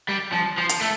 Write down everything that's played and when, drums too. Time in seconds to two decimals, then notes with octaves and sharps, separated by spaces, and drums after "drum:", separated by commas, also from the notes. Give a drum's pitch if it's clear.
0.08 G3
0.32 F3
0.58 F3
0.69 drum: hi-hat
0.81 A3